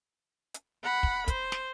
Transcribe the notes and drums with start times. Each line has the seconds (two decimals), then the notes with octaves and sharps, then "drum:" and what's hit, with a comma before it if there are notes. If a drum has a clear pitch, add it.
0.54 drum: hi-hat
0.84 F#5 B5
1.03 drum: kick
1.28 C5, drum: kick, hi-hat
1.52 drum: snare